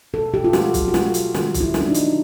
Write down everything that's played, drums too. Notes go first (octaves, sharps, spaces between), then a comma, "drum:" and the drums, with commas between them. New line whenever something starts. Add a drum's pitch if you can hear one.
B2 A4
B2 G4
F4
A3 F#4, drum: snare
F#3, drum: kick B1, hi-hat
F#4
A3 F4, drum: snare
F#3, drum: hi-hat
D#3, drum: snare
F#3, drum: kick B1, hi-hat
E4
F#3, drum: snare
D4
D#4
A3, drum: hi-hat